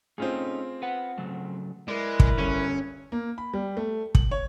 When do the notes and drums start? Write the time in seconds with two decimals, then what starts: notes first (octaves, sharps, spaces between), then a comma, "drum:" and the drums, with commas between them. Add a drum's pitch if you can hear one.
0.18 A3 C4 C#4 D#4 F4 G#4
0.82 B4 F#5
1.18 C#3 F#3 A3
1.88 G#3 E4 A#4 B4 D5
2.20 drum: kick
2.38 G1 C#4 D#7
3.12 A#3
3.38 B5
3.54 G3
3.77 A3
4.15 F#7, drum: kick
4.31 C#5